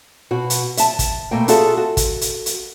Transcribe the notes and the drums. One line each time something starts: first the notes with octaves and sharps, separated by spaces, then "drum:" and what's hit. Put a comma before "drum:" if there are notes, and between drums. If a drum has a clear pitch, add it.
B2 F#4
drum: hi-hat
E5 A5, drum: hi-hat
drum: kick, hi-hat
B2 A3 A#3 G5
F4 F#4 G#4 A4 E5, drum: hi-hat
F#4 A4
drum: kick, hi-hat
drum: hi-hat
drum: hi-hat